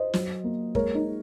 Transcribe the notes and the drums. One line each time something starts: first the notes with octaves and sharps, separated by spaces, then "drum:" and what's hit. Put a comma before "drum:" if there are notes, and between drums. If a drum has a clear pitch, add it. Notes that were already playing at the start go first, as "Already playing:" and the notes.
Already playing: C5 D#5
F#3, drum: snare
A#3
G#3 A#4 C#5, drum: kick
D#4